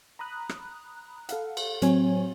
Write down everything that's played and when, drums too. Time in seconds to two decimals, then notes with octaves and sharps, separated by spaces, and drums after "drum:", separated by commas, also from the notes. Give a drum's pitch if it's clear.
0.19 A#5 B5 D#6 F#6
0.49 drum: rim click
1.29 A4 F5 F#5, drum: hi-hat
1.57 drum: cymbal
1.82 A2 F#3 C4 C5 C#5 G#5, drum: hi-hat